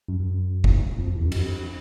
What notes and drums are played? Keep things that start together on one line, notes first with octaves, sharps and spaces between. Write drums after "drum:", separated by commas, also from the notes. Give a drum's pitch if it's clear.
F#2
F#2
drum: kick
F2
E2
F#2
F2, drum: cymbal
F2